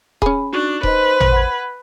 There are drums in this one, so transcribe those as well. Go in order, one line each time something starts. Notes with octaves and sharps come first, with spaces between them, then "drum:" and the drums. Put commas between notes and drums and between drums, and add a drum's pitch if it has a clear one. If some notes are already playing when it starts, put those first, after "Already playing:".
C#4 G#4 B5, drum: kick D#1
D4 D#4 F#4 C#6
D#4 B4 C5 D#5, drum: kick D#1
drum: tom
F#5 B5 G#6